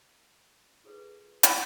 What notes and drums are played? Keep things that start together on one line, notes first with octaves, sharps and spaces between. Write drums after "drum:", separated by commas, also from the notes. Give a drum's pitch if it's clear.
F4 G#4 A4 B4
D#5, drum: hi-hat